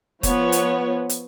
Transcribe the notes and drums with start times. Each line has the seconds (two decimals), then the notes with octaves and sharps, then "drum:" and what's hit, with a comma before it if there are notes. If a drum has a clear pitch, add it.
0.23 F3 B3 C#5, drum: kick F1, hi-hat
0.52 drum: hi-hat
1.09 drum: hi-hat